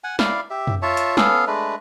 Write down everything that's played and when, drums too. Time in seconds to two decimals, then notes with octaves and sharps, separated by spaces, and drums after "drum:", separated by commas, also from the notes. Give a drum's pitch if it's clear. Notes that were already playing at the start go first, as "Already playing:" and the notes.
0.04 F#5 G#5
0.19 E4 D5 F5, drum: snare
0.50 G4 E5
0.67 drum: tom
0.82 F4 C#5 E5 A5
0.97 drum: hi-hat
1.17 B3 C#4 A4 F5, drum: snare
1.47 G#3 A3 D4 B4